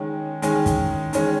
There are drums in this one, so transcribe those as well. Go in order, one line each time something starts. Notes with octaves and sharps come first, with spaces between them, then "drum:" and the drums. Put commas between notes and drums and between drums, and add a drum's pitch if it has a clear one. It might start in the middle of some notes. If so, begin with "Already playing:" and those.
Already playing: D#3 G#3 C#4
D#3 G#3 C#4, drum: hi-hat
drum: kick, hi-hat
D#3 G#3 C#4, drum: hi-hat